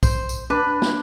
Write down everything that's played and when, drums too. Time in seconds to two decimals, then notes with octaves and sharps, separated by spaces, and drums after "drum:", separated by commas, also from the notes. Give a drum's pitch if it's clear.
0.03 C5, drum: kick B1, tambourine
0.29 drum: tambourine
0.50 D4 B4
0.82 drum: snare